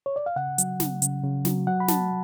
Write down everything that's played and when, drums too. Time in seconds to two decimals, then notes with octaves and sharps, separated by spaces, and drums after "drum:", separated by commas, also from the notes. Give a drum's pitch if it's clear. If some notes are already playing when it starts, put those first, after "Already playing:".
0.06 C#5
0.16 D5
0.26 F5
0.36 C#3 F#5
0.58 F#3, drum: hi-hat
0.80 C#3, drum: snare
1.02 C#3, drum: hi-hat
1.24 C#3
1.45 F#3, drum: snare
1.67 F#3 F#5
1.80 B5
1.88 F#3 A5, drum: snare